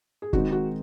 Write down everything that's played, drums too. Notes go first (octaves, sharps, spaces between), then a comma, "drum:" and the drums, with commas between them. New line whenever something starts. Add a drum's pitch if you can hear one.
G#4
D#3 G#3 C4 D#4 F#4, drum: kick
F#4